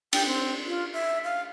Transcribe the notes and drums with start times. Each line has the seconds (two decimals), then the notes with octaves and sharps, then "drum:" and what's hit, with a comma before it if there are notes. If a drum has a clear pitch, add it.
0.13 G5, drum: cymbal
0.26 C4
0.67 F4
0.93 E5
1.24 F5